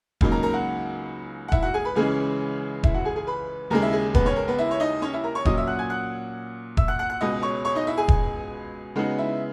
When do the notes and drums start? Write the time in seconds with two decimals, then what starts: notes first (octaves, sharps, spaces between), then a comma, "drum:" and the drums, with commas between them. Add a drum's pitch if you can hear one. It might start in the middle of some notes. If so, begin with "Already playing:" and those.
0.21 C#2 C#3 F#3 A#3 D#4, drum: kick E1
0.32 A#4 A#5
0.43 A#4 A#5
0.54 F#4 F#5
1.48 F#5
1.52 E4 E5, drum: kick E1
1.63 F#4 F#5
1.74 G#4 G#5
1.85 B4 B5
1.95 C#2 C#3 E3 G#3 C#4 G#4 G#5
2.83 E4 E5, drum: kick E1
2.94 F#4 F#5
3.05 G#4 G#5
3.16 G#4 G#5
3.27 B4 B5
3.70 D#2 C#3 G#3 A#4 A#5
3.81 E4 E5
3.93 G#4
4.14 B3 B4, drum: kick E1
4.25 C#4 C#5
4.36 A#4
4.48 B3 B4
4.58 E4 E5
4.71 C#5
4.80 D#4 D#5
5.02 C#4 C#5
5.13 E4 E5
5.24 A#4 A#5
5.35 C#5 C#6
5.45 A#2 F#3 C#4 D#5 D#6, drum: kick E1
5.58 E5 E6
5.67 F#5 F#6
5.79 G#5 G#6
5.90 F#5 F#6
6.77 E5 E6, drum: kick E1
6.88 F#5 F#6
6.99 F#5 F#6
7.10 F#5 F#6
7.21 C#2 B2 G#3 D#5 D#6
7.42 C#5 C#6
7.65 C#5 C#6
7.75 D#4 D#5
7.87 E4 E5
7.97 G#4 G#5
8.08 drum: kick E1
8.96 C#3 G#3 B3 D#4 F#4 F#5
9.18 E4 E5